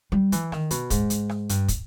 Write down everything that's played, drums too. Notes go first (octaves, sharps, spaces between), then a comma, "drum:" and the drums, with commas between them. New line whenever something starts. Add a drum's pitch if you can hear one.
G3
E3, drum: hi-hat
D#3, drum: rim click
B2, drum: hi-hat
G#2, drum: kick, hi-hat
drum: hi-hat
drum: rim click
G2, drum: hi-hat
drum: kick, hi-hat